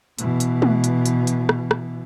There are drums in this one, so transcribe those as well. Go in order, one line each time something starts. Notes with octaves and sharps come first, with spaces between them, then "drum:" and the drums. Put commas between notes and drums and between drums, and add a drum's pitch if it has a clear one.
B2 E3, drum: hi-hat
drum: hi-hat
drum: tom G#3
drum: hi-hat
drum: hi-hat
drum: hi-hat
drum: rim click
drum: rim click